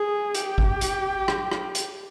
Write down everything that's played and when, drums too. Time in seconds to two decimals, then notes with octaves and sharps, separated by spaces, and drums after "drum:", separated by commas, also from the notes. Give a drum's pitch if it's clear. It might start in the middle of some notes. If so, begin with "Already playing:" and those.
Already playing: G#4
0.35 G4, drum: hi-hat
0.58 drum: kick G#1
0.81 drum: hi-hat
1.28 drum: rim click
1.51 drum: rim click
1.75 drum: hi-hat